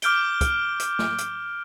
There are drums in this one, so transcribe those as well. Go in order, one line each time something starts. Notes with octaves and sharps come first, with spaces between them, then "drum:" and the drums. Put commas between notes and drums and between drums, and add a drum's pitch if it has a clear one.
D6 F6 G6 D7 G7, drum: hi-hat
drum: kick, hi-hat
drum: hi-hat
drum: snare
drum: hi-hat